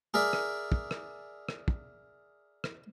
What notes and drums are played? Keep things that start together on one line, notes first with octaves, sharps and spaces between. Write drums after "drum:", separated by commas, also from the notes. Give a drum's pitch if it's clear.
G#4 A#4 D5 E5
drum: rim click
drum: kick
drum: rim click
drum: rim click
drum: kick
drum: rim click